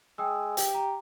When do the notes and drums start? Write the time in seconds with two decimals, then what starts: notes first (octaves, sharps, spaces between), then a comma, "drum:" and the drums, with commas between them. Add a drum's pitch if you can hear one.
0.18 G#3 G5 D#6 E6
0.57 G4, drum: hi-hat
0.74 A#5